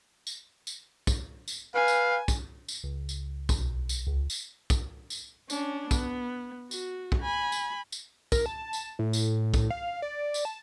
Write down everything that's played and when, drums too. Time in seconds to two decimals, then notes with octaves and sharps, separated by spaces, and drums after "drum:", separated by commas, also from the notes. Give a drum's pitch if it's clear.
0.27 drum: tambourine
0.67 drum: tambourine
1.07 drum: kick, tambourine
1.48 drum: tambourine
1.75 B4 F5 G#5
1.88 drum: tambourine
2.28 drum: kick, tambourine
2.68 drum: tambourine
2.84 C#2
3.09 drum: tambourine
3.49 drum: kick, tambourine
3.59 B1
3.89 drum: tambourine
4.07 C#2
4.30 drum: tambourine
4.70 drum: kick, tambourine
5.10 drum: tambourine
5.50 C#4 D4, drum: tambourine
5.91 B3, drum: kick, tambourine
6.71 F#4, drum: tambourine
7.12 drum: kick
7.22 G#5 B5
7.52 drum: tambourine
7.92 drum: tambourine
8.32 A#4, drum: kick, tambourine
8.46 A5
8.73 drum: tambourine
8.99 A2
9.13 drum: tambourine
9.54 drum: kick, tambourine
9.70 F5
10.02 D5
10.34 drum: tambourine
10.45 A5